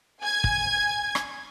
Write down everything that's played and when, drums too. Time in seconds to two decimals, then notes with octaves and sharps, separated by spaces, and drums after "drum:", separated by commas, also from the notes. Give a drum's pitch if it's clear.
0.20 G#5 G#6
0.44 drum: kick
1.15 drum: rim click